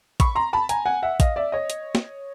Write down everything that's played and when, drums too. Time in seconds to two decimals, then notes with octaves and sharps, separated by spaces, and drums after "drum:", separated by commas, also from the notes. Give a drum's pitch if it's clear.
0.20 B5 C#6, drum: kick, hi-hat
0.35 A#5 C6
0.53 A5 B5
0.69 G#5 A#5, drum: hi-hat
0.86 F#5 G#5
1.03 E5 F#5
1.20 D#5 F5, drum: kick, hi-hat
1.36 D5 E5
1.52 C#5 D#5
1.70 drum: hi-hat
1.95 drum: snare